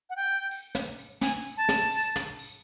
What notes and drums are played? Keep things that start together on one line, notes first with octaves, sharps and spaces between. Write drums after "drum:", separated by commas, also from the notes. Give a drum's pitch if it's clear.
F#5
G5
drum: tambourine
drum: snare
drum: tambourine
G#5, drum: snare
drum: tambourine
A5
drum: snare
drum: tambourine
drum: snare
drum: tambourine